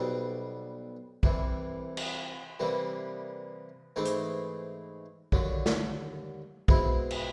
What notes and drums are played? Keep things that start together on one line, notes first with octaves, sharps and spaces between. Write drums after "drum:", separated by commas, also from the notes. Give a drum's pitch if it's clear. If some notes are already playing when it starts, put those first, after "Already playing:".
Already playing: B1 B2 G3 C4
C2 C3 E3, drum: kick A#1
drum: cymbal
C3 E3 G3 A#3
G#2 E3 A3 C4 D#4
drum: hi-hat
D#2 D3 F#3, drum: kick A#1
drum: snare
B2 G#3 C4 E4, drum: kick A#1
drum: cymbal